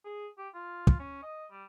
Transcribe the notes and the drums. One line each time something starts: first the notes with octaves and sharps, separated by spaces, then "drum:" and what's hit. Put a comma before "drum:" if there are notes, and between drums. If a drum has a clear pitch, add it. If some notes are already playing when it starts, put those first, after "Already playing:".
G#4
G4
F4
drum: kick
C#4
D#5
G3